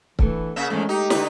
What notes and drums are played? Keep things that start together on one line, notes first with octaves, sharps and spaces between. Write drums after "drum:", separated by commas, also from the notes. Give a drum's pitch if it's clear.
E3 A3 B3 D4, drum: kick C#1
C#3 A#3 E5
E2 G#2 D#3 G#3 A3 C#4
D#4 G4
D3 D#4 B4, drum: snare